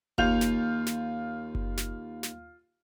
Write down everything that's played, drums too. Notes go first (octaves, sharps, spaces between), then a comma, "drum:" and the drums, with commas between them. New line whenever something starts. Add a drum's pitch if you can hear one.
D#2 F4 G6 F7, drum: kick F#1
drum: snare
drum: snare
drum: kick F#1
drum: snare
drum: snare